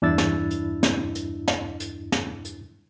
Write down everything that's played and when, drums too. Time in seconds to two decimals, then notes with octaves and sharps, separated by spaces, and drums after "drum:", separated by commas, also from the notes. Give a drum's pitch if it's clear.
0.02 E2 G2 D4 E4 E6 A6
0.18 drum: snare
0.50 drum: hi-hat
0.83 drum: snare
1.15 drum: hi-hat
1.48 drum: snare
1.80 drum: hi-hat
2.12 drum: snare
2.45 drum: hi-hat